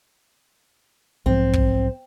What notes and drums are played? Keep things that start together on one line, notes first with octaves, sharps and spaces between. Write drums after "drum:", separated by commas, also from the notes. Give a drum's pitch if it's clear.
B1 G#2 F3 C4
drum: kick